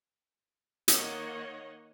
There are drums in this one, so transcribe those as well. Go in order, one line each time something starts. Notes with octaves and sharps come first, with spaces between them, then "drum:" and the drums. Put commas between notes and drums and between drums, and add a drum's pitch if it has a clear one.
D#3 A#3 C#5 D#5 F#5, drum: hi-hat